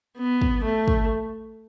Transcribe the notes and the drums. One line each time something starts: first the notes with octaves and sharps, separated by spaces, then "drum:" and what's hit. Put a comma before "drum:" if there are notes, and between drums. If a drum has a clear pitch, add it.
B3
drum: kick
A3
drum: kick